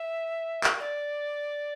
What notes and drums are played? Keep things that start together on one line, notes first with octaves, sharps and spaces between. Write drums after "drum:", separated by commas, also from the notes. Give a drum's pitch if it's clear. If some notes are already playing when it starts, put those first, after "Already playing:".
Already playing: E5
drum: clap
D5